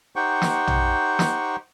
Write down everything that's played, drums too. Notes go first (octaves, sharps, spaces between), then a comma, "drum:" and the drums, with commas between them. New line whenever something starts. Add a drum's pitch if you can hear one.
D#4 G4 C5 F#5 G5 C#6
drum: snare
drum: tom
drum: snare